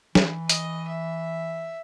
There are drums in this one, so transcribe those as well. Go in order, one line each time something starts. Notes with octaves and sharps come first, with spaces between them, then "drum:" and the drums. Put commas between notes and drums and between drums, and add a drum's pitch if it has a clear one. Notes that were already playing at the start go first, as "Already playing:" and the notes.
E3, drum: snare
D#5, drum: hi-hat
E5